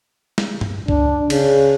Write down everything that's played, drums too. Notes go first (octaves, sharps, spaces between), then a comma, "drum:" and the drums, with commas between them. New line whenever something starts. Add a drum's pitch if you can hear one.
drum: snare
drum: tom G2
D4, drum: kick C#2
C#3, drum: cymbal